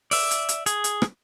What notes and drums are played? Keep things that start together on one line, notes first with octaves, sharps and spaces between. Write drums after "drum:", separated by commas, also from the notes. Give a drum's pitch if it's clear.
D5 E5, drum: open hi-hat
drum: hi-hat
drum: hi-hat
G#4, drum: hi-hat
drum: hi-hat
drum: rim click